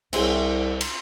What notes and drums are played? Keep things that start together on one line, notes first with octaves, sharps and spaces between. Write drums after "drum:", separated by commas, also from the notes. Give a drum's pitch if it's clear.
C2 C4 E4 G#4, drum: cymbal
drum: cymbal